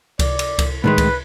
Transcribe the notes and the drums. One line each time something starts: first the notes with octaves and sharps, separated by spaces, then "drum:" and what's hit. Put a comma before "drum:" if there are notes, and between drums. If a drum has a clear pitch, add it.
D5, drum: kick C#2, cymbal
drum: cymbal
drum: kick C#2, cymbal
A2 D#3 G#3 B4
drum: kick C#2, cymbal